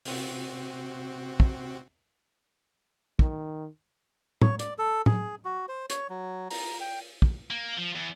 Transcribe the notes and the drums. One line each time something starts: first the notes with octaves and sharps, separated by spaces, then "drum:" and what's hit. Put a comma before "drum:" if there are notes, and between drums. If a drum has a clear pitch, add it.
C3 C4 F#4, drum: open hi-hat
drum: kick
D#3, drum: kick
C#5, drum: tom
D5, drum: hi-hat
A4
G#4, drum: tom
F#4
C5
C#5, drum: hi-hat
F#3
A#5, drum: open hi-hat
G5
drum: kick
A#3
F3
E2